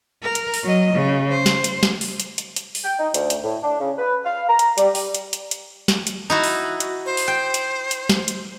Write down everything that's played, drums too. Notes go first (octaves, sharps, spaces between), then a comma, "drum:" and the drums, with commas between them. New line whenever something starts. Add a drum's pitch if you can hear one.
A#4
drum: hi-hat
drum: open hi-hat
F#3 D#5
C#3
C5
drum: snare
drum: hi-hat
drum: snare
drum: open hi-hat
drum: hi-hat
drum: hi-hat
drum: hi-hat
drum: open hi-hat
G5
D#4
D2, drum: hi-hat
drum: hi-hat
A2
D4
C#3
B4
F5
A#5
drum: hi-hat
G3, drum: hi-hat
G3, drum: open hi-hat
drum: hi-hat
drum: hi-hat
drum: hi-hat
drum: snare
drum: hi-hat
D#4 E4 F#4
drum: open hi-hat
drum: hi-hat
C5
drum: open hi-hat
G5
drum: hi-hat
drum: hi-hat
drum: snare
drum: hi-hat